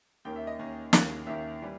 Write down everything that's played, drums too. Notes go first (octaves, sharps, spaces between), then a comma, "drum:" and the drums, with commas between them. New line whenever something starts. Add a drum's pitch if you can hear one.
D#2 D#3 A#3 C#4 G5
E5
D#5
D#2 D#3 A#3 C#4
D#2 D#3 A#3 C#4, drum: snare
D#2 D#3 A#3 C#4 E5
E3 G3